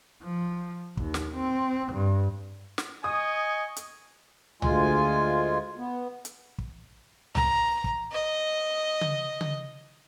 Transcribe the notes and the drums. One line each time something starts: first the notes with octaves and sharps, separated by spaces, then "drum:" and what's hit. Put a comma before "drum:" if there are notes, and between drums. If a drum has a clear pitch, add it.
F3
D#2, drum: kick
drum: snare
C4
G2
drum: snare
D#5 G#5 C#6 D#6
drum: hi-hat
D2 G#3 F4 G#5, drum: tom C2
B3
drum: hi-hat
drum: kick
A#5, drum: tom C2
drum: kick
D#5
drum: tom C#3
drum: tom C#3